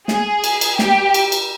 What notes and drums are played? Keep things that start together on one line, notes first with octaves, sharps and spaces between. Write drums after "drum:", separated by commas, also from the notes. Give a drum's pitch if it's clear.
G#4, drum: snare
drum: cymbal
drum: cymbal
G4, drum: snare
drum: cymbal
drum: cymbal